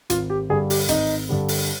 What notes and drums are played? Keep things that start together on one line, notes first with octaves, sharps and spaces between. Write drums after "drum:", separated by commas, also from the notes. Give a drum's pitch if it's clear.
G#1 F4, drum: hi-hat
G4
G2 D3 G3 G#4
G4, drum: open hi-hat
G#1 D#4, drum: hi-hat
G2 D3 G3
drum: open hi-hat